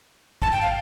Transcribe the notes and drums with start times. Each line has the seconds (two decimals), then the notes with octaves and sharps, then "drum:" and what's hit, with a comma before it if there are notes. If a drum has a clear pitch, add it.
0.42 A5, drum: kick
0.52 G5
0.62 F5